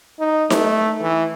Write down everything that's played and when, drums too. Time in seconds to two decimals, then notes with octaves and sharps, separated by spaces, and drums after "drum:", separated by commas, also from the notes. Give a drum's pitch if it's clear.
0.20 D#4
0.50 A3, drum: snare D#4
1.01 E3